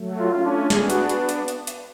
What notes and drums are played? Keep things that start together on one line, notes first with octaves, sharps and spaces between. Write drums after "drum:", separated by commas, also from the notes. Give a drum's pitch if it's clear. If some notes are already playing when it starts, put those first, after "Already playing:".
Already playing: F#3 A3
F4
A3 C#4 F4
D4
B3 D4 G#4, drum: snare
F#4, drum: hi-hat
drum: hi-hat
drum: hi-hat
drum: hi-hat
drum: hi-hat